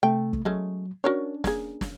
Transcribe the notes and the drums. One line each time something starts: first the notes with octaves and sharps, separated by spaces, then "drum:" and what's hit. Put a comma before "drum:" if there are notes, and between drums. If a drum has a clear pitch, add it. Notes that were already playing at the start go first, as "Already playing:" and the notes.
C3 A3 G5
drum: kick
F#3 G#3 A3 C#4
C#4 D4 F#4 A#4 C#5
A#3 G#4, drum: snare
drum: snare